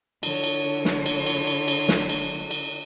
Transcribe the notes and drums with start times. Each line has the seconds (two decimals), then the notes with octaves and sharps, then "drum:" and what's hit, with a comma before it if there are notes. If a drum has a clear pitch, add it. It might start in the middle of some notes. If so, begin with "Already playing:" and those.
0.23 D3 C#5, drum: cymbal
0.44 drum: cymbal
0.85 drum: snare
1.06 drum: cymbal
1.26 drum: cymbal
1.47 drum: cymbal
1.68 drum: cymbal
1.89 drum: snare
2.09 drum: cymbal
2.51 drum: cymbal